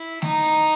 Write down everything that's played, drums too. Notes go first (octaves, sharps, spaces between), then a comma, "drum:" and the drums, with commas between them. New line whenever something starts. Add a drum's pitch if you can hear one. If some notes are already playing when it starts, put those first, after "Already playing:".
Already playing: E4
D#4, drum: snare A3
drum: hi-hat